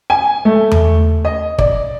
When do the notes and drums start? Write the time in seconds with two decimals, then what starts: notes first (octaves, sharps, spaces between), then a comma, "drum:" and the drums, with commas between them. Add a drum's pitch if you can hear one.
0.10 G#5
0.45 A3
0.72 drum: tom E2
1.25 D#5
1.58 D5, drum: kick